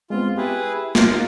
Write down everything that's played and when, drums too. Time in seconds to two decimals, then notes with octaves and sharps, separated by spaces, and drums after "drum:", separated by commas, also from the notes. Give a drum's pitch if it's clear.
0.10 G#3 B3 C4 F4
0.38 E4 G4 G#4 B4
0.95 D#4 F4 A#4, drum: snare A#3